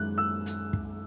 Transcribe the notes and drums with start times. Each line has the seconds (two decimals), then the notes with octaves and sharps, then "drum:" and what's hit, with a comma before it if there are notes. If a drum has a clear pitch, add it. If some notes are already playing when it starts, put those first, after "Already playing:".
Already playing: F#2 D#3 G#3 F#6
0.18 E6
0.46 drum: hi-hat
0.73 drum: kick